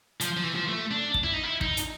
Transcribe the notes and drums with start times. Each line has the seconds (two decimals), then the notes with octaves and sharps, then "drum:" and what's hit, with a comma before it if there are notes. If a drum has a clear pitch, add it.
0.21 F3, drum: hi-hat
0.37 F3
0.43 E3
0.55 F3
0.68 A3
0.91 D4
1.14 drum: kick
1.24 E4
1.34 D#4
1.43 E4
1.61 D#4, drum: kick
1.77 drum: hi-hat